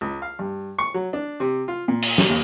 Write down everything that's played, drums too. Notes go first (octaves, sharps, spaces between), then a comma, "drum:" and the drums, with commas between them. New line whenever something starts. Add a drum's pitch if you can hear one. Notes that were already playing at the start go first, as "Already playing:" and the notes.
C#2
F5
G2
C#6
F#3
D4
C3
F4
A#2
drum: cymbal
drum: snare
D#2